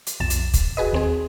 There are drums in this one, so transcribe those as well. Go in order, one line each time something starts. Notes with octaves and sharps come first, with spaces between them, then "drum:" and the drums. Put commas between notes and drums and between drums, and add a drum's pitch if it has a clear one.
drum: hi-hat
B1 F2 A6 E7
drum: hi-hat
drum: kick, hi-hat
F#4 G#4 B4 D#5
D#2 C4 G#4